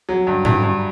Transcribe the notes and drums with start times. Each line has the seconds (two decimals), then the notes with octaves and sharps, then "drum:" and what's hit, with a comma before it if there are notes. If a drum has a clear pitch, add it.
0.09 F#3
0.27 G2
0.45 G2, drum: tom G#2
0.63 G2